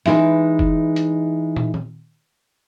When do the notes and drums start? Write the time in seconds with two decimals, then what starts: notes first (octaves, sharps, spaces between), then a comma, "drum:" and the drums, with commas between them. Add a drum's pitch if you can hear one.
0.06 E3 G#3 D#4 B4 E5, drum: snare
0.59 drum: kick F#1
0.96 drum: hi-hat
1.56 drum: tom
1.74 drum: tom D#3